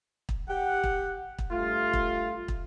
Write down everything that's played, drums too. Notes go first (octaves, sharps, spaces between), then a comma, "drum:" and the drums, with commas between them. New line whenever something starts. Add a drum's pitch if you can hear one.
drum: kick
G4 F#5
drum: kick
drum: kick
G2 A3 F4
drum: kick
drum: kick